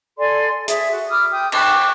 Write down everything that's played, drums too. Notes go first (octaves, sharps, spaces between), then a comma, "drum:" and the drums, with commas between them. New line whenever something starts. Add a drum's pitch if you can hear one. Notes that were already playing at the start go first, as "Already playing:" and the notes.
A4 D5 G#5 C6
G#4 E5, drum: hi-hat
F#4
B5 D6 D#6 F6
G5 D#6 G6
G5 C#6 D6 F#6, drum: cymbal